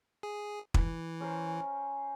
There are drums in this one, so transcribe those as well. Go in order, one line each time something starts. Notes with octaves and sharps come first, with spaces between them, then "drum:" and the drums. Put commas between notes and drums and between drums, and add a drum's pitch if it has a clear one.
G#4
E3, drum: kick
C#4 A#4 C5